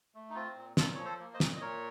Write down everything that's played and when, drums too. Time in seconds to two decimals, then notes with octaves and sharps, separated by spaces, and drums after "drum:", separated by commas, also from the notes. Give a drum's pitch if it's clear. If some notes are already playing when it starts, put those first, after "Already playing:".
0.15 A3
0.30 D#4
0.35 C4 F4
0.56 A#2
0.77 A#2 F4 A4, drum: snare
0.94 F3 C#5
1.05 A4 C5
1.19 A#3
1.34 C5 D#5
1.40 A#2, drum: snare
1.56 D#5
1.61 A#2 A#4 C#5